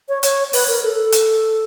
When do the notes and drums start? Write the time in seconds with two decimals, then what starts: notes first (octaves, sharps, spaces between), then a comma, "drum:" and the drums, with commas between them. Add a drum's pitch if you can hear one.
0.09 C#5
0.23 C#5, drum: hi-hat
0.53 B4, drum: open hi-hat
0.68 A#4
0.83 A4
1.12 drum: hi-hat